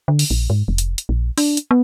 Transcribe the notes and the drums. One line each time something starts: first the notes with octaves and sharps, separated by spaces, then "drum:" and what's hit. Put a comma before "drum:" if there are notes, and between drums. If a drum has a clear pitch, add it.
D3
drum: open hi-hat
A#1
G#2
F1
drum: hi-hat
drum: hi-hat
A#1
D4, drum: open hi-hat
drum: hi-hat
B3